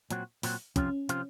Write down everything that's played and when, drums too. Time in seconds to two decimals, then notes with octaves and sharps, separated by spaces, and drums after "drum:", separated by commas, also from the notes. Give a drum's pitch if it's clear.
0.10 A#2 F#3 C4 F#4, drum: hi-hat
0.43 A#2 F#3 C4 F#4, drum: open hi-hat
0.76 F2 C3 F3 C4 C#4 F4, drum: kick, hi-hat
1.09 C3 F3 C4 F4, drum: hi-hat